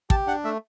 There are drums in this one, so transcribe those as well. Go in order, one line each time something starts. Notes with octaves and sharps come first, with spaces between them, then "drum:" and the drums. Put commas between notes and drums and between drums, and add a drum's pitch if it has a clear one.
G4 A5, drum: kick
D4 F#5
A3 E5